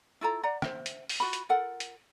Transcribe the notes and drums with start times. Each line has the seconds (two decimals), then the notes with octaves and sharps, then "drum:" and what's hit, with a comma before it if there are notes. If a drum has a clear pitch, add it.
0.21 E4 F4 A4 A#5
0.43 D5 F#5 A#5
0.62 C5 E5, drum: rim click
0.86 drum: hi-hat
1.09 drum: open hi-hat
1.20 F4 F#4 B5
1.33 drum: hi-hat
1.49 F4 A4 A#4 F#5
1.80 drum: hi-hat